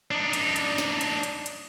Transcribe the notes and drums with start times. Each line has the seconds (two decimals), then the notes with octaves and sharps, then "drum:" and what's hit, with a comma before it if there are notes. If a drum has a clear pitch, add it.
0.11 D4 D#4
0.33 drum: hi-hat
0.56 drum: hi-hat
0.78 drum: snare
1.01 drum: hi-hat
1.23 drum: hi-hat
1.46 drum: hi-hat